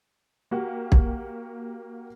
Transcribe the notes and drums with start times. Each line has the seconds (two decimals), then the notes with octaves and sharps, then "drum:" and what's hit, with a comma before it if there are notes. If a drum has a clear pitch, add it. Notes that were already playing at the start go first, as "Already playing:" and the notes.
0.51 A#3 F#4 G4
0.92 drum: kick